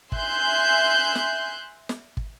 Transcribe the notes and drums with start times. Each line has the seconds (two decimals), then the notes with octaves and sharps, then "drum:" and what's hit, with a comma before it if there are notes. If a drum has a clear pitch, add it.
0.12 E5 G#5 C6 F#6 G6, drum: kick
1.15 drum: snare
1.89 drum: snare
2.17 drum: kick